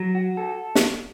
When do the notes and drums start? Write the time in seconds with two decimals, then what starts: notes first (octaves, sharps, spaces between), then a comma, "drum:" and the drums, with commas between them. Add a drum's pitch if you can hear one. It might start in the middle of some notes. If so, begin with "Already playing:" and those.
Already playing: F#3
0.15 F#4
0.37 A4
0.75 drum: snare